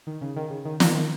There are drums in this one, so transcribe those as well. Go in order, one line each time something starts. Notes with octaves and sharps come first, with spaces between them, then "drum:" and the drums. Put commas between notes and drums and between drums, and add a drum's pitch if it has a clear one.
D#3
C#3
D#3
C#3
D#3
D#3, drum: snare
D#3